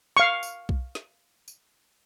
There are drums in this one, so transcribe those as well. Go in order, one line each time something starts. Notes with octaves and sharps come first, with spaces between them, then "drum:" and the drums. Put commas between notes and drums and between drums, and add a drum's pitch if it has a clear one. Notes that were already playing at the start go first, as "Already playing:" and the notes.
F5 C#6
drum: tambourine
drum: kick B1
drum: snare
drum: tambourine